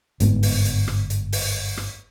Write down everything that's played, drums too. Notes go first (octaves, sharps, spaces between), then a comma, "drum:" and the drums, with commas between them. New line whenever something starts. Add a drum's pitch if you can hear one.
G1 G#2 B3, drum: hi-hat
drum: open hi-hat
drum: hi-hat
drum: rim click
drum: hi-hat
drum: open hi-hat
drum: rim click